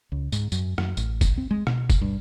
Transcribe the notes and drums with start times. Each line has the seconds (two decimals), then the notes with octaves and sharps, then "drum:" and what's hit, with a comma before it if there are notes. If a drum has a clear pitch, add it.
0.12 C#2
0.32 G#2, drum: tambourine
0.52 F#2, drum: tambourine
0.78 F#2, drum: rim click
0.97 A1, drum: tambourine
1.21 drum: kick, tambourine
1.38 C4
1.51 G#3
1.67 B2, drum: rim click
1.90 drum: kick, tambourine
2.02 G2